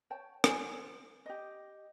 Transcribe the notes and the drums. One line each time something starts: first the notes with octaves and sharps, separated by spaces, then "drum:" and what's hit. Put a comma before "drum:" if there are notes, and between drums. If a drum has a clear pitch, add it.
C#5 G5 A5
C5 G#5, drum: rim click
G4 D#5